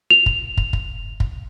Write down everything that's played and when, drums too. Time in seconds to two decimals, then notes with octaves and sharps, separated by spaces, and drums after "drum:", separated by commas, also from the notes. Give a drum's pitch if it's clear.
0.10 F7
0.26 drum: kick
0.57 drum: kick
0.73 drum: kick
1.20 drum: kick